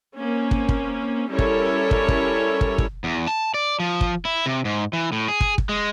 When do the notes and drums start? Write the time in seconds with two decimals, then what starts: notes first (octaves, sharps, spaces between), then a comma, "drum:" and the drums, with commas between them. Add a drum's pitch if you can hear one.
0.16 A#3 C4 C#4
0.51 drum: kick
0.69 drum: kick
1.29 G3 C#4 E4 A4 A#4 C#5
1.39 drum: kick
1.91 drum: kick
2.08 drum: kick
2.61 drum: kick
2.78 drum: kick
3.04 E2
3.28 A5
3.54 D5
3.80 F3
4.01 drum: kick
4.25 E4
4.46 C3
4.65 G#2
4.93 E3
5.12 A2
5.28 G#4
5.40 drum: kick
5.58 drum: kick
5.69 G#3